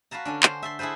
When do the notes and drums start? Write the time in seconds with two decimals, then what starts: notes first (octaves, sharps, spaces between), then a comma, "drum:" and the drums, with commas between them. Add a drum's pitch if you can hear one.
0.11 F#4 B4 F5 A5 A#5
0.25 D3 C#4 D4
0.43 C5, drum: clap
0.63 E5 A5 C6
0.79 E4 G#4 A4 B4 C5